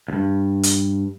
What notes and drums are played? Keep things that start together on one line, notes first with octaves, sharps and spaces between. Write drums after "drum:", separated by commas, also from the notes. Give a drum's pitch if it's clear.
D2 G2
drum: hi-hat